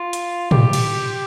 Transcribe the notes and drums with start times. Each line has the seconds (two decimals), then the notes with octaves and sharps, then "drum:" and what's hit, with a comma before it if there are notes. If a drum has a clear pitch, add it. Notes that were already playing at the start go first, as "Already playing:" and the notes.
Already playing: F4
0.13 drum: hi-hat
0.51 G4, drum: tom
0.73 drum: cymbal